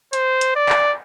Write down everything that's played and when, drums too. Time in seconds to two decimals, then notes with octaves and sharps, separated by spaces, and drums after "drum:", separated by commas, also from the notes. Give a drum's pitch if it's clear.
0.13 C5, drum: hi-hat
0.41 drum: hi-hat
0.56 D5
0.69 drum: clap